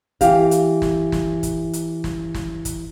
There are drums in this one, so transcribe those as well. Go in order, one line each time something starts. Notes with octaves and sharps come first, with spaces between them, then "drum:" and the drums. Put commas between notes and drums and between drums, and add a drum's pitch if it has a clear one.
E3 G4 F5, drum: kick, hi-hat
drum: hi-hat
drum: snare
drum: snare
drum: kick, hi-hat
drum: hi-hat
drum: snare
drum: snare
drum: kick, hi-hat